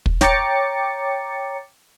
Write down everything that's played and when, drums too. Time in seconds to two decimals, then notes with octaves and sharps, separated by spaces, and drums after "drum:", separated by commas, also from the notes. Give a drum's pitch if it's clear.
0.06 drum: kick
0.21 C#5 G5 A#5 D6 A6 C#7, drum: snare